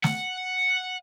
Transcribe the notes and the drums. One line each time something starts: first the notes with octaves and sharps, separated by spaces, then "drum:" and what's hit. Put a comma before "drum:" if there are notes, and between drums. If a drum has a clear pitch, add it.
F#5, drum: snare